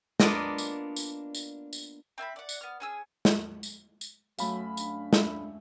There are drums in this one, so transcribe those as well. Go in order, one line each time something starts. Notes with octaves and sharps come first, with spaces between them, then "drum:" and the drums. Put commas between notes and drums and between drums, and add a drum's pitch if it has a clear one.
A#3 B3 D4 F4 D5 D#5, drum: snare
drum: tambourine
drum: tambourine
drum: tambourine
drum: tambourine
C4 E5 G#5 B5
D5 F#5
drum: tambourine
B3 F6
C#4 G#4 E6
drum: snare
drum: tambourine
drum: tambourine
F#2 F#3 A3 F5 B5, drum: tambourine
D4, drum: tambourine
E5, drum: snare